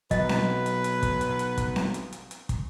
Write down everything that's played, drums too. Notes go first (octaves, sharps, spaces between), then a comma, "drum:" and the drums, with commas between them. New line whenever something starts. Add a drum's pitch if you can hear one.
B2 F#3 B4 D#5, drum: kick, hi-hat
drum: snare C4
drum: hi-hat
drum: hi-hat
drum: kick, hi-hat
drum: hi-hat
drum: hi-hat
drum: kick, hi-hat
drum: snare C4
drum: hi-hat
drum: hi-hat
drum: hi-hat
drum: kick, hi-hat